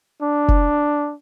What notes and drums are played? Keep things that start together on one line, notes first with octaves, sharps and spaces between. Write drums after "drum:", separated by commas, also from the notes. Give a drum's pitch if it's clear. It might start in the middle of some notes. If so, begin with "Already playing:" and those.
D4
drum: kick F1